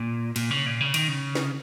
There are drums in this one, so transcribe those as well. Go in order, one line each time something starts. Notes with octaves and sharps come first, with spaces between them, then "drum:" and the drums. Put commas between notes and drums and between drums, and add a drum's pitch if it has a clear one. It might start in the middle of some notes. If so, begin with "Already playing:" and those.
Already playing: A#2
A#2, drum: cymbal
C#3
A#2
C#3
D#3, drum: cymbal
C#3
drum: snare